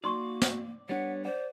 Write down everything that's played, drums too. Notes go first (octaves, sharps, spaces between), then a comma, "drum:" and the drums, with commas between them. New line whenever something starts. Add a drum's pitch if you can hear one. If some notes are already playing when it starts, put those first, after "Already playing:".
A#3 D#4 F#4 D5 C6 C#6
drum: snare
G3 B3 D4 C#5 F#5
C5 D5 F#5